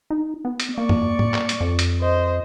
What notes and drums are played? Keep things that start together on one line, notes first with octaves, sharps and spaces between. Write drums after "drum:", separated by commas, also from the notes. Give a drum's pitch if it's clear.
D#4
B3
drum: hi-hat
A#3 D5 C#6
drum: tom
drum: tom
drum: clap
drum: hi-hat
F2
drum: hi-hat
C5 D#5